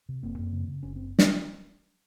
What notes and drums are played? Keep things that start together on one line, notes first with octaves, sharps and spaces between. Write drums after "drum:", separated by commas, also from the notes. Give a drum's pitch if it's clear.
C3
F#1 A#3 C4
F#2
C#3
C#3
F#1 C#4
C4
drum: snare